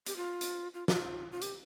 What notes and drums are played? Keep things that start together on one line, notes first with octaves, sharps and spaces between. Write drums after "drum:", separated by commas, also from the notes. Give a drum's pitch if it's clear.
G4, drum: hi-hat
F4
drum: hi-hat
F4
F4, drum: snare
F4
G4, drum: hi-hat